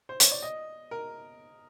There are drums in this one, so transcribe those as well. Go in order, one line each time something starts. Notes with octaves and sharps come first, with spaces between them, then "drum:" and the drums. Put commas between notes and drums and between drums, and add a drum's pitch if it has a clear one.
C5
C#5, drum: hi-hat
D5
D#5
A#4